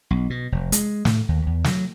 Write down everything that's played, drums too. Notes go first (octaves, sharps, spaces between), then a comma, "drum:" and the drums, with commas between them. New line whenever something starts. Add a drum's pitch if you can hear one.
B1
B2
F1
G#3, drum: hi-hat
A2, drum: snare
D#2
E2
F#3, drum: snare